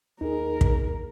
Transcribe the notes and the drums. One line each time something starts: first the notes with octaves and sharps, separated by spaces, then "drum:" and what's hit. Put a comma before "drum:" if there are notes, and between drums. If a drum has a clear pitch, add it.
D#2 D#4 G#4 A#4
drum: kick